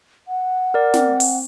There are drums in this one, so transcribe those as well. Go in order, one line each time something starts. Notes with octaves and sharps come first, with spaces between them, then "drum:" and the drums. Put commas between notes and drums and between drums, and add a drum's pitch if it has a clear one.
F#5
A#4 D5
C4, drum: snare
drum: open hi-hat